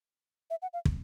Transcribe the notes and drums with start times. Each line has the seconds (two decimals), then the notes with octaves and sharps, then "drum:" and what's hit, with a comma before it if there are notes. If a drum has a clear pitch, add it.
0.50 E5
0.62 F#5
0.73 F5
0.85 drum: kick